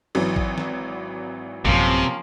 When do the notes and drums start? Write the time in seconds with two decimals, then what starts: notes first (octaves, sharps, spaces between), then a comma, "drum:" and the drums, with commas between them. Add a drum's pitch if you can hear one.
0.15 G#1 E3 F#3
0.36 drum: kick A1
0.58 drum: snare
1.65 A1 F#2 C3 F3 A#3 C#4, drum: kick A1